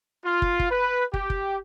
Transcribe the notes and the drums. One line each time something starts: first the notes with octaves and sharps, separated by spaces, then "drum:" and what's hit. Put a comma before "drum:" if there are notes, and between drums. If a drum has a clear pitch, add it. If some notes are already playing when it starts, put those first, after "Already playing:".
F4
drum: kick
drum: kick
B4
G4, drum: kick
drum: kick